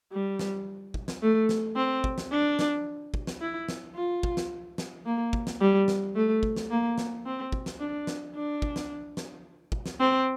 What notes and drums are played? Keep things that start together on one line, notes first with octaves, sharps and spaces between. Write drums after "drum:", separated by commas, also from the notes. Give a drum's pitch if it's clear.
G3
drum: snare
drum: kick
drum: snare
A3
drum: snare
C4
drum: kick
drum: snare
D4
drum: snare
drum: kick
drum: snare
E4
drum: snare
F4
drum: kick
drum: snare
drum: snare
A#3
drum: kick
drum: snare
G3
drum: snare
A3
drum: kick
drum: snare
A#3
drum: snare
C4
drum: kick
drum: snare
D4
drum: snare
D4
drum: kick
drum: snare
drum: snare
drum: kick
drum: snare
C4